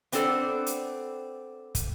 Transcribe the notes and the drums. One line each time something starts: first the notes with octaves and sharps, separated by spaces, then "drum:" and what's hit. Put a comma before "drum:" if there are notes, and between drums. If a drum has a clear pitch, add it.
B3 C4 D4 A4 D5, drum: hi-hat
drum: hi-hat
drum: kick, hi-hat